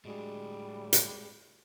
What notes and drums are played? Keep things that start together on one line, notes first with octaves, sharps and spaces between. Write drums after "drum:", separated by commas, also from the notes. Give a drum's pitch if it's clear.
A2 G3 G#3 D4 F#4 G#4
drum: hi-hat